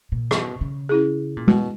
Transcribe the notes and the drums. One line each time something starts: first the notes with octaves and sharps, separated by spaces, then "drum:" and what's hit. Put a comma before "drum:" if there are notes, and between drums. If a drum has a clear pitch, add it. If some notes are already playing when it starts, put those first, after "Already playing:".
A#2
B2, drum: rim click
C#3
C#4 E4 G#4
A#2
B2, drum: tom G#3